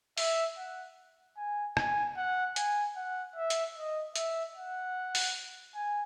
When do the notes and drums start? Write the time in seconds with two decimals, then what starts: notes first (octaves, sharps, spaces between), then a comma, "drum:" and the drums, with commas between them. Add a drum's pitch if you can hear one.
0.18 E5, drum: open hi-hat
0.57 F#5
1.37 G#5
1.77 G#5, drum: rim click
2.17 F#5
2.56 G#5, drum: hi-hat
2.96 F#5
3.36 E5
3.50 drum: hi-hat
3.76 D#5
4.16 E5, drum: hi-hat
4.56 F#5
5.15 drum: open hi-hat
5.75 G#5